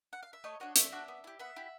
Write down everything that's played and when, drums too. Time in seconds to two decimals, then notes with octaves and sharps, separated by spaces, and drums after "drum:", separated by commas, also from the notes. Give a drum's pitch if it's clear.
0.13 F#5
0.23 F5
0.33 E5
0.44 A3 C#5 D#5
0.60 D4 F#4 C#5 D#5
0.76 A3 D5 E5, drum: hi-hat
0.92 D4 F#4
1.08 B3
1.24 E4 G4
1.39 B3 E5 F#5
1.56 E4 G4